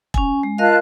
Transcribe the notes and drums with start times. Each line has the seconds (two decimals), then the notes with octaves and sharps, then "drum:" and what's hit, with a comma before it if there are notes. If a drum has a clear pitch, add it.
0.14 C#4 G#5, drum: kick E1
0.43 G#3
0.58 F4 A#4 D#5 F5 A5 F#6